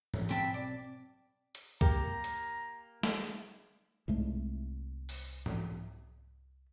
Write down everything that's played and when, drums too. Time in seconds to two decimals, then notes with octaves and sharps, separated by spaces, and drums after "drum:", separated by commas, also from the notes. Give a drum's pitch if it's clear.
0.14 drum: tom G#2
0.29 B1 C4 E5 G5 A5 B5, drum: hi-hat
0.54 D5
1.55 drum: hi-hat
1.81 A#3 G4 A#5, drum: kick
2.24 drum: hi-hat
3.03 drum: snare
4.08 C2 G#2 G#3 A3
5.09 drum: open hi-hat
5.46 drum: tom G#2